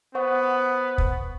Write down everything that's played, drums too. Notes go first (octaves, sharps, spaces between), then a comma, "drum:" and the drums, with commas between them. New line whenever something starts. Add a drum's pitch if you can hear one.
B3 C5 F#5 C#6
drum: kick